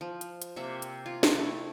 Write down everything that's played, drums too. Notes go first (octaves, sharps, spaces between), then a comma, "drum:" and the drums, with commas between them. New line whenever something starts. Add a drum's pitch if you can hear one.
F3
drum: hi-hat
drum: hi-hat
C3 A#3 E5
drum: hi-hat
F4
drum: snare
A3 E4